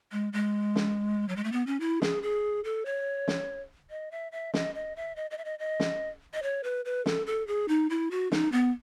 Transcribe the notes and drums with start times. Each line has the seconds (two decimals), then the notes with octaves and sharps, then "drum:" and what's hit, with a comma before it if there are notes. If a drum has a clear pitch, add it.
0.12 G#3
0.33 G#3
0.76 drum: snare
1.29 F#3
1.36 G#3
1.44 A3
1.52 B3
1.67 C#4
1.80 E4
2.02 G#4, drum: snare
2.23 G#4
2.64 A4
2.86 C#5
3.28 drum: snare
3.90 D#5
4.11 E5
4.32 E5
4.54 D#5, drum: snare
4.75 D#5
4.96 E5
5.16 D#5
5.31 D#5
5.38 E5
5.45 D#5
5.59 D#5
5.80 drum: snare
6.34 D#5
6.43 C#5
6.64 B4
6.85 B4
7.06 A4, drum: snare
7.27 A4
7.47 G#4
7.68 D#4
7.90 E4
8.11 F#4
8.32 D#4, drum: snare
8.52 B3